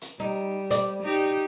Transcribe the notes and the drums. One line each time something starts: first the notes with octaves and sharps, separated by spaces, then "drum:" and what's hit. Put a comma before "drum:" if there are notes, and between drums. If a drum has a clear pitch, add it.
drum: hi-hat
G3 D#4
D5, drum: hi-hat
D#4 G4